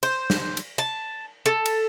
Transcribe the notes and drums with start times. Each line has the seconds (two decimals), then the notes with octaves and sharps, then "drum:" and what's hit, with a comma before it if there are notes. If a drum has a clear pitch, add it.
0.03 C5, drum: cymbal
0.30 drum: snare
0.57 drum: cymbal
0.78 A5
1.46 A4
1.66 drum: cymbal